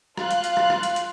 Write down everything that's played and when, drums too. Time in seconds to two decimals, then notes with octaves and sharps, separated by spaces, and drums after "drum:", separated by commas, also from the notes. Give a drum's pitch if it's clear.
0.17 F4 F5 F#6, drum: rim click
0.31 drum: hi-hat
0.44 drum: hi-hat
0.57 drum: rim click
0.70 drum: rim click
0.83 drum: hi-hat
0.96 drum: hi-hat